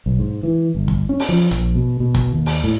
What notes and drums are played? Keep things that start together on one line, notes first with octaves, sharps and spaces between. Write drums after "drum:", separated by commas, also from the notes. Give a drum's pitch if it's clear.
B1
G#2
E3
G1
drum: kick
C#4
drum: open hi-hat
F3
A#1, drum: hi-hat
B2
B2
drum: kick, hi-hat
D#2
drum: open hi-hat
A2